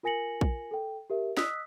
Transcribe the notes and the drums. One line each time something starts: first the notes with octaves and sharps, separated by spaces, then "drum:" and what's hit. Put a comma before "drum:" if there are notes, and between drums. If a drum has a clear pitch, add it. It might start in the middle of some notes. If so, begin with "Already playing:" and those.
F4 A#4 G#5 A#6 C#7 F#7
drum: kick A#1
A4 G5
G4 A#4 E5
D#5 D#6 E6 F#6 B6, drum: snare